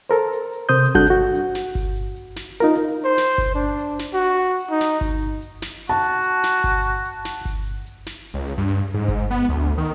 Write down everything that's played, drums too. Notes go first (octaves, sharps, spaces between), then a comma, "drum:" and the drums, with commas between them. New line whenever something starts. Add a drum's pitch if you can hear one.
A4 A#4 C5
drum: hi-hat
drum: hi-hat
C3 C5 D#6 G6
G3 D4 F#4 A4 F#6 G6, drum: kick G1, hi-hat
F#4
drum: hi-hat
drum: snare
drum: kick G1, hi-hat
drum: hi-hat
drum: hi-hat
drum: snare
D#4 F4 A#4
drum: hi-hat
C5
drum: snare
drum: kick G1, hi-hat
D4
drum: hi-hat
drum: snare
F#4
drum: hi-hat
drum: hi-hat
D#4
drum: snare
drum: kick G1, hi-hat
drum: hi-hat
drum: hi-hat
drum: snare
F#4 A5
drum: hi-hat
drum: hi-hat
drum: snare
drum: kick G1, hi-hat
drum: hi-hat
drum: hi-hat
drum: snare
drum: kick G1, hi-hat
drum: hi-hat
drum: hi-hat
drum: snare
C#2
drum: hi-hat
G2
drum: hi-hat
G#2
drum: kick G1, hi-hat
B3, drum: hi-hat
D2, drum: hi-hat
D#3